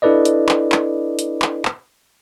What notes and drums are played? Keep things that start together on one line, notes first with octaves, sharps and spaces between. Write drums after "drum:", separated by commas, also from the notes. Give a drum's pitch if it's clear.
D4 E4 A4 B4 D5 D#5
drum: hi-hat
drum: clap
drum: clap
drum: hi-hat
drum: clap
drum: clap